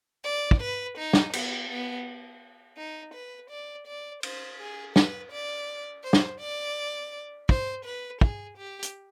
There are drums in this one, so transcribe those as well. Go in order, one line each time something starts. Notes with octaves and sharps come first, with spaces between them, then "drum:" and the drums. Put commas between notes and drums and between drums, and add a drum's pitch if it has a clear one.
D5
drum: kick
B4
D#4
drum: snare
B3, drum: cymbal
B3
D#4
B4
D5
D5
C5, drum: cymbal
G#4
B4, drum: snare
D5
C5
drum: snare
D5
C5, drum: kick
B4
G#4, drum: kick
G4
drum: hi-hat